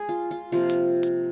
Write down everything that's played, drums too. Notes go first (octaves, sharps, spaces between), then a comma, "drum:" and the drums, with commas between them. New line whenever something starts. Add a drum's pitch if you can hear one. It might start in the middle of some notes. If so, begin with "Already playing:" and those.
Already playing: G#3 G#4
F4
F4
C3 F3 A#3 F4
drum: hi-hat
drum: hi-hat